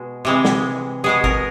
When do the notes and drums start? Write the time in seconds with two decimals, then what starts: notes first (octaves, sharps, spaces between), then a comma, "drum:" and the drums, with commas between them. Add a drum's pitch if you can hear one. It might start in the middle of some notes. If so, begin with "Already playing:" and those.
Already playing: B2 G#3
0.25 C3 E3 G#3
0.45 drum: snare
1.04 B2 G#3 B3 G#4
1.24 A#4, drum: kick G#1